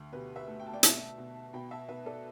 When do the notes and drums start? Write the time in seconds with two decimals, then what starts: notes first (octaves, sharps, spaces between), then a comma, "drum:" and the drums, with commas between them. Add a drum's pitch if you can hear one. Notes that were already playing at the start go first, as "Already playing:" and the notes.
Already playing: D2
0.13 B2 G4 B4
0.35 B4 E5
0.47 A3
0.60 G5
0.66 A5
0.73 D5 G5
0.83 B2 E5 A5, drum: hi-hat
1.18 B2
1.53 B2 G5 B5
1.71 E5 A5
1.89 B2 B4 E5
2.06 A4 D5